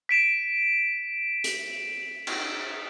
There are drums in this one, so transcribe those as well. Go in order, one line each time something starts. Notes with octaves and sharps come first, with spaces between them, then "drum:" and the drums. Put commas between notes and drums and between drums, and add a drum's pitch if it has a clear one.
B6 D7 E7
drum: hi-hat
drum: cymbal